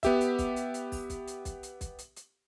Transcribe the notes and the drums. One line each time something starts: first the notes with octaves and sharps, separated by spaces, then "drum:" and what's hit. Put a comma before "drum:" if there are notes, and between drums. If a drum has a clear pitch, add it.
B3 G4 E5, drum: kick, hi-hat
drum: hi-hat
drum: kick, hi-hat
drum: hi-hat
drum: hi-hat
drum: kick, open hi-hat
drum: kick, hi-hat
drum: hi-hat
drum: kick, hi-hat
drum: hi-hat
drum: kick, hi-hat
drum: hi-hat
drum: hi-hat